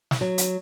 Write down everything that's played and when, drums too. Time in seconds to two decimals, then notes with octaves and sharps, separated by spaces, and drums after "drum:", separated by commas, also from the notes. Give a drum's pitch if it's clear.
0.11 drum: snare
0.21 F#3
0.38 drum: hi-hat